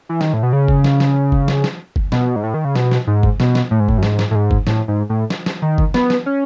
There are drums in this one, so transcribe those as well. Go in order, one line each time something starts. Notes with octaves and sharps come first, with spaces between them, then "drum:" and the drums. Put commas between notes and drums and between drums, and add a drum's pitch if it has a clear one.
E3
D#3, drum: snare
A2
B2
C#3
drum: kick G1
drum: snare
drum: snare
drum: kick G1
drum: snare
drum: snare
drum: kick G1
B2, drum: snare
G#2
A2
D#3
C#3
B2, drum: snare
drum: snare
G#2
drum: kick G1
B2, drum: snare
drum: snare
A2
G#2
A2, drum: kick G1
F#2
G#2, drum: snare
drum: snare
A2
G#2
drum: kick G1
A2, drum: snare
G#2
A2
drum: snare
drum: snare
D#3
drum: kick G1
B3, drum: snare
drum: snare
C#4